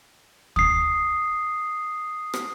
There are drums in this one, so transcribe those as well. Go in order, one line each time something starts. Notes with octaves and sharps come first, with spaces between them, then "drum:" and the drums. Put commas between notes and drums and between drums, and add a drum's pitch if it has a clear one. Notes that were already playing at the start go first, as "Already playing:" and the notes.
D#6 C7, drum: kick
drum: rim click